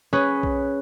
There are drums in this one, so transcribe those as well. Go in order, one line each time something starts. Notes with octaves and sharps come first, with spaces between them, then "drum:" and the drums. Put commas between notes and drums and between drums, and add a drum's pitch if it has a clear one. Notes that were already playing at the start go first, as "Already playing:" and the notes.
C#4 G#4 B4
drum: kick B1